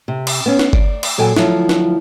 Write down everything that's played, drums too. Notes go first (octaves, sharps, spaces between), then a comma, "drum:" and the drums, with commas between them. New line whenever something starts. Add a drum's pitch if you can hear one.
C3
drum: cymbal
B3 C#4
drum: snare
D5, drum: kick G1
drum: cymbal
A#2 F#3 A4 G5 G#5
D2 C3 F3 F#3 E4, drum: snare
drum: snare